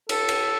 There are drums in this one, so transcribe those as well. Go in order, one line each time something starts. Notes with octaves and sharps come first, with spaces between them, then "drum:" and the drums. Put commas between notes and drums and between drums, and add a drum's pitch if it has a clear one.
A4, drum: cymbal
drum: cymbal